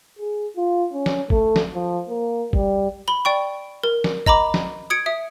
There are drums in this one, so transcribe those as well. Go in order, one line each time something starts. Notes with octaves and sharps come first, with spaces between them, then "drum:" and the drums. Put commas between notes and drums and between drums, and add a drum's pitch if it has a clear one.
G#4
F4
C#4
drum: snare
A3, drum: kick
drum: snare
F3
A#3
G3, drum: kick
B5 G7
D5 G5 C#6
A#4
drum: snare
D#5 A#5 B5 D6, drum: kick
drum: snare
D#6 G#6 C#7 D7
E5 D#6